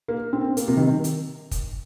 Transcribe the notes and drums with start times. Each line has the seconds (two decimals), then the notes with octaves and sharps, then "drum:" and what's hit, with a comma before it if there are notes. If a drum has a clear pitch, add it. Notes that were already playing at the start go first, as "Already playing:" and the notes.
0.08 A#3
0.33 C4
0.57 A#3, drum: hi-hat
0.68 C3
0.77 D#3
1.04 drum: hi-hat
1.51 drum: kick, hi-hat